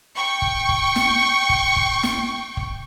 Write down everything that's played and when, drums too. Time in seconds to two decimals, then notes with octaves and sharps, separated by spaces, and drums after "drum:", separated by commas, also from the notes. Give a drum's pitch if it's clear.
0.15 G5 C#6
0.42 drum: kick
0.69 drum: kick
0.96 drum: snare
1.49 drum: kick
1.76 drum: kick
2.03 drum: snare
2.57 drum: kick